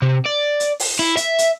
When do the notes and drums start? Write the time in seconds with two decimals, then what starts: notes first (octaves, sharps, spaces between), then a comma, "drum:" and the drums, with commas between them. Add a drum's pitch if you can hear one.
0.02 C3
0.26 D5
0.60 drum: hi-hat
0.80 drum: open hi-hat
0.99 E4
1.17 E5, drum: hi-hat
1.38 drum: hi-hat